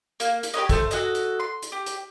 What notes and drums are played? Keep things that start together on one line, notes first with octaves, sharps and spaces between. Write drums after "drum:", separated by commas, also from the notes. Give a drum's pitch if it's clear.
A#3, drum: hi-hat
drum: hi-hat
G4 B4 C#5 D#5
A3 C5, drum: kick, hi-hat
F#4 G#4 A4 D#5, drum: hi-hat
drum: hi-hat
C6
drum: hi-hat
G4
drum: hi-hat